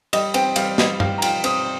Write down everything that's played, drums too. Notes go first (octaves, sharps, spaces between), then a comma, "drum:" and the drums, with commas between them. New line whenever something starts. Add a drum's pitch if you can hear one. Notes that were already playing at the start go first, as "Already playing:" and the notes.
G3 D#5, drum: cymbal
C4 G5, drum: cymbal
G3 F5, drum: cymbal
G3 D#5, drum: snare
G3 F5, drum: tom G2
A#5
F4 G5, drum: cymbal
C4 D#6, drum: cymbal